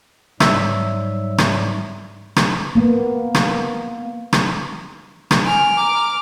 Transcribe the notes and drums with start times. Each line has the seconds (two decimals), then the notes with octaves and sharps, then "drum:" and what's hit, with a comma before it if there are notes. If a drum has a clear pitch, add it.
0.40 G#2 F#3 G3 E5, drum: rim click
1.38 drum: rim click
2.36 drum: rim click
2.75 A#3 B3
3.35 drum: rim click
4.33 drum: rim click
5.31 drum: rim click
5.45 G#5 F6 D7
5.77 A#5 D6